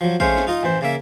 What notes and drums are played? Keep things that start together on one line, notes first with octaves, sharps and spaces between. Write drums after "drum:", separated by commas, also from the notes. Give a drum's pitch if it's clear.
F3 F#3
G#3 A3 C#4 C5 F5, drum: kick
drum: snare
D#4 F4 D#5
A1 E3 C5
C#3 A#3 E5